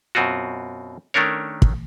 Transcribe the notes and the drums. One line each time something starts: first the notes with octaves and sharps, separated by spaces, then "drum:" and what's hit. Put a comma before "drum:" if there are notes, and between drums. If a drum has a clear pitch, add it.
F#2 B2 C4 F4 F#4
D#3 A3 C#4 D4 A#4 C#5
drum: kick